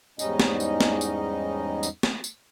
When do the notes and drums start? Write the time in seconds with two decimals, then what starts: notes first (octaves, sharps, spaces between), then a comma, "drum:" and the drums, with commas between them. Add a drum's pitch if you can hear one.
0.19 E2 G#2 G3 C#4 D#4 D#5, drum: tambourine
0.40 drum: snare
0.60 drum: tambourine
0.81 drum: snare
1.01 drum: tambourine
1.83 drum: tambourine
2.03 drum: snare
2.24 drum: tambourine